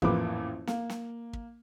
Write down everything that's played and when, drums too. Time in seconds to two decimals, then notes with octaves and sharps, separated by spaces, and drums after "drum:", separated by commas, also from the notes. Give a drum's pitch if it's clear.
0.02 A1 F2 A#2 A#3 B4 D6, drum: kick
0.67 A#3, drum: snare
0.90 drum: snare
1.33 drum: kick